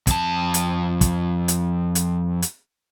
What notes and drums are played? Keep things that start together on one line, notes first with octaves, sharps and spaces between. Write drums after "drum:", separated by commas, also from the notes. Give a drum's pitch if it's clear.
F2 A5, drum: kick, hi-hat
drum: hi-hat
drum: kick, hi-hat
drum: hi-hat
drum: hi-hat
drum: hi-hat